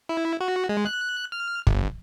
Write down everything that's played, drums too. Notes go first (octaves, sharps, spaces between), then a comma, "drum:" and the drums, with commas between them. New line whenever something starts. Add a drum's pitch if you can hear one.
E4
F#4
G#3
F#6
F6
G1, drum: kick